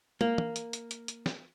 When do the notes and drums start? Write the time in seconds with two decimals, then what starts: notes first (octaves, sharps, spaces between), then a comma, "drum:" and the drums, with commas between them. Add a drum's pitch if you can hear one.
0.21 A#3, drum: tom
0.38 drum: tom
0.56 drum: hi-hat
0.73 drum: hi-hat
0.91 drum: hi-hat
1.08 drum: hi-hat
1.26 drum: snare